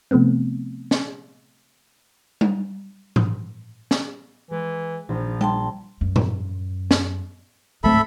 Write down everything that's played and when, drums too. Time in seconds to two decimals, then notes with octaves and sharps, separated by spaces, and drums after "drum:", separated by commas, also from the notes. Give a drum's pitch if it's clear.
0.11 C3 F3 A3 B3 C4
0.91 drum: snare
2.41 drum: tom G3
3.16 drum: tom G#2
3.91 drum: snare
4.51 E3 G#3
5.09 A#1 F3
5.41 G5 A5 C6, drum: tom G3
6.01 F#2
6.16 drum: tom G#2
6.91 drum: snare
7.84 D1 G#2 A3 C4 A4 E5 B5